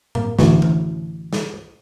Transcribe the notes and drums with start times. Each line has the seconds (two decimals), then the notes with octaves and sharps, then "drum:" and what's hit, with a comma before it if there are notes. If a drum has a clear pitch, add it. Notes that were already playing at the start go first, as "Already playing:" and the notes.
0.15 A#3, drum: tom A2
0.39 A1 D2 E3 F#4, drum: snare
0.62 drum: tom D#3
1.33 drum: snare